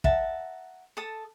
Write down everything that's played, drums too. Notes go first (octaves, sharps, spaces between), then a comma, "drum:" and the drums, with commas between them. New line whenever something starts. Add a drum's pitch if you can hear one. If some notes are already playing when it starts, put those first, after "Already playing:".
E5 F#5 A5 A#5, drum: kick
A4 A5 D#6